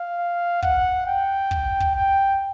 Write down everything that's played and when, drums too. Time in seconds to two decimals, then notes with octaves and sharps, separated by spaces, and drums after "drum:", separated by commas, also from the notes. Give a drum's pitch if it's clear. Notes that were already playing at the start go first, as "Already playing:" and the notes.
Already playing: F5
0.63 F#5, drum: kick
1.07 G5
1.51 drum: kick
1.81 drum: kick
1.95 G5